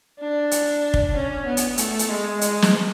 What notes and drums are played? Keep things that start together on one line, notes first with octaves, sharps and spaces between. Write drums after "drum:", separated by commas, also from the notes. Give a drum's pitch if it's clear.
D4
drum: hi-hat
drum: kick
C#4
B3
drum: hi-hat
A3, drum: hi-hat
drum: hi-hat
G#3
G#3, drum: hi-hat
drum: snare